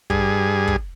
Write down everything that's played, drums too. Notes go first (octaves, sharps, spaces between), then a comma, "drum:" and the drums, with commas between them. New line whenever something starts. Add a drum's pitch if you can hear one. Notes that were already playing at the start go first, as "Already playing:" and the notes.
G2 G#4, drum: kick
drum: kick